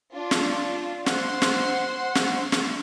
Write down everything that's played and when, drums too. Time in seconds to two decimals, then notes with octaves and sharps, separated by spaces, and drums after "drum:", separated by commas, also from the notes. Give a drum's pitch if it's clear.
0.13 D4 F4
0.31 drum: snare
1.06 C5 F#5 C6, drum: snare
1.42 drum: snare
2.15 drum: snare
2.52 drum: snare